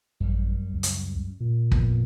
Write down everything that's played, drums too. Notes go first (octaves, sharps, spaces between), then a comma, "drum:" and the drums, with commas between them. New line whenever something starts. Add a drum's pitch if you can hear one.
A1 F#2 G3
C#2
drum: hi-hat
A#2
F2 A#3 B3, drum: kick